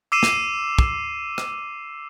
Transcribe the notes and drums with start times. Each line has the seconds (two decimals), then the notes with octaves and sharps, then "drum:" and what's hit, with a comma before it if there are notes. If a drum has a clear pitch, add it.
0.12 D6 E6 C7 D#7 E7
0.23 drum: snare
0.79 drum: kick
1.38 drum: rim click